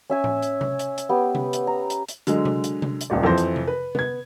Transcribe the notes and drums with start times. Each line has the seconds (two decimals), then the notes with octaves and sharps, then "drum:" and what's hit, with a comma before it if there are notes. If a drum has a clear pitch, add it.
0.10 C#4 E5 G#5
0.24 drum: tom A2
0.42 drum: hi-hat
0.61 drum: tom C3
0.79 drum: hi-hat
0.98 drum: hi-hat
1.09 B3 G4
1.35 drum: tom C3
1.53 drum: hi-hat
1.67 A#5
1.90 drum: hi-hat
2.08 drum: hi-hat
2.27 D3 F#3 G#3, drum: hi-hat
2.45 drum: tom C3
2.64 drum: hi-hat
2.82 drum: tom C3
3.01 drum: hi-hat
3.10 D#1 C#2 D5
3.23 F2 E3 F3 C5 A#6
3.38 drum: hi-hat
3.56 drum: tom C3
3.68 B4
3.95 B3 G#6, drum: tom C3